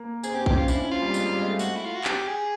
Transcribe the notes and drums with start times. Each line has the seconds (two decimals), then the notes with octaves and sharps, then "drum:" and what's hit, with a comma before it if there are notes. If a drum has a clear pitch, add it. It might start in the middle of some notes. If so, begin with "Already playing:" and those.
Already playing: A#3
0.24 C4 G#4, drum: tambourine
0.34 C4 G4
0.46 C#4 G4, drum: kick A#1
0.57 C#4 F4
0.68 D4 E4, drum: tambourine
0.80 C#4
0.91 C4 F4
1.02 G3
1.14 G#3, drum: tambourine
1.26 G3
1.37 G#3
1.48 A3
1.59 F#4, drum: tambourine
1.76 E4
1.85 F4
1.95 F#4
2.04 G4, drum: clap
2.27 G#4